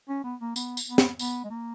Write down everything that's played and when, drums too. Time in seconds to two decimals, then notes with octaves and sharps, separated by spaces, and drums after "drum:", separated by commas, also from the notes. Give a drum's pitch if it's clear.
0.09 C#4
0.24 B3
0.40 A#3
0.56 B3, drum: tambourine
0.77 drum: tambourine
0.88 B3
0.98 drum: snare
1.19 B3, drum: tambourine
1.44 G#3
1.50 A#3